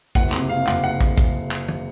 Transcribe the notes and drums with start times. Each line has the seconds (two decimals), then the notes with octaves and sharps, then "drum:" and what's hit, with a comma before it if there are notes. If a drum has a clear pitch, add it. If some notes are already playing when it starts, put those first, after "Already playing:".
0.15 F#1 F#5, drum: kick
0.32 C3 F#5, drum: clap
0.49 C3 F5
0.67 F#1 F#5, drum: clap
0.84 F#5
1.01 drum: kick
1.18 drum: kick
1.52 drum: clap
1.69 drum: tom D#3